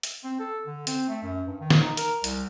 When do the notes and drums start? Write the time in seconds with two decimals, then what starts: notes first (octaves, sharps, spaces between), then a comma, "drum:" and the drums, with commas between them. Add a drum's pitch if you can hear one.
0.03 drum: hi-hat
0.24 C4
0.39 A4
0.66 D3
0.87 C4, drum: hi-hat
1.09 A3
1.22 F#2
1.47 G2
1.60 D#3
1.70 drum: snare
1.80 D#4
1.97 A#4, drum: hi-hat
2.24 C2, drum: hi-hat